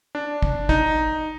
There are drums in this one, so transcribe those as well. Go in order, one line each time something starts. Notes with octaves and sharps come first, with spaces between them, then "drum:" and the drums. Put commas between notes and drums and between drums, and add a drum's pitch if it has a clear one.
D4
drum: kick
D#4, drum: kick